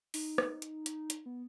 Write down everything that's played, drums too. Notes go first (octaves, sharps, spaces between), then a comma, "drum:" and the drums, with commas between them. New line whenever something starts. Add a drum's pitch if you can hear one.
D#4, drum: open hi-hat
drum: rim click
drum: hi-hat
drum: hi-hat
drum: hi-hat
B3